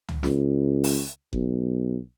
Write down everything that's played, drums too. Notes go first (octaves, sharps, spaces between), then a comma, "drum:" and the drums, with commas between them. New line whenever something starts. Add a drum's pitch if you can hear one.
drum: tom
C#2, drum: snare
drum: open hi-hat
B1, drum: kick F#1